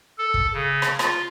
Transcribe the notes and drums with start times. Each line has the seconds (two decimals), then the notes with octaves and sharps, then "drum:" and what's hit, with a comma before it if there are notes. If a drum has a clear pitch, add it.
0.18 A4
0.34 drum: kick
0.54 C#3
0.82 drum: rim click
0.99 F4, drum: rim click